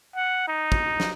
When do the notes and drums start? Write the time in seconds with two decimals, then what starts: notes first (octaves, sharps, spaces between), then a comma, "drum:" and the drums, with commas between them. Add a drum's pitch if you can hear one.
0.16 F#5
0.48 D#4
0.72 drum: kick
1.00 drum: snare